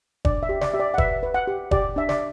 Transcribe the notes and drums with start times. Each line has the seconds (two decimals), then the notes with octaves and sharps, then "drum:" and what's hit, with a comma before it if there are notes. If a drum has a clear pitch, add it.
0.25 D4 D5, drum: kick
0.43 E5
0.49 G4
0.61 D5, drum: snare
0.73 G4 E5
0.80 D5
0.94 F#5
0.98 B4 E5, drum: kick
1.23 B4
1.34 F#5
1.47 G4
1.71 G4 D5, drum: kick
1.96 D4 E5
2.09 D5, drum: snare